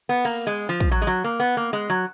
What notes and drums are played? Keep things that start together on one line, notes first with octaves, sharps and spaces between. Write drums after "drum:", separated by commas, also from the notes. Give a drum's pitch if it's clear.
B3
A#3, drum: cymbal
G#3
F3
drum: kick
F#3
G#3
F#3
A#3
B3
A#3
G#3
F#3